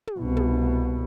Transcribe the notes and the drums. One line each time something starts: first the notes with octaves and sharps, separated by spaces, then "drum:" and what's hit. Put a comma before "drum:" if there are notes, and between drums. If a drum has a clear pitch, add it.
drum: tom
C2 B2
drum: tom